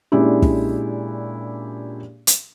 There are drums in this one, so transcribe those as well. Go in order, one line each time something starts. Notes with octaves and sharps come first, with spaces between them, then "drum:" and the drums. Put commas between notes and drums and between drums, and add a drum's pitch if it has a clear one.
A#2 G#3 C#4 D4 E4 G4
drum: kick
drum: hi-hat